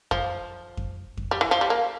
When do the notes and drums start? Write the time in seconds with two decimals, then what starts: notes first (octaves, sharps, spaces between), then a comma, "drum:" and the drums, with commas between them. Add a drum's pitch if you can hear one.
0.11 F3, drum: kick F2
0.77 drum: kick F2
1.17 drum: kick F2
1.31 G3
1.41 E3
1.51 F3
1.61 G3
1.70 A#3